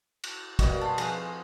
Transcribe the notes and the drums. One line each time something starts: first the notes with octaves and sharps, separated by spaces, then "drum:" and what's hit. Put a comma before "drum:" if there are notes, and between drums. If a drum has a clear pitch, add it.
drum: cymbal
B2 G3 A#3 F#4 D#5, drum: kick, cymbal
A5 B5 C6
F2 G#4 B4 F5, drum: cymbal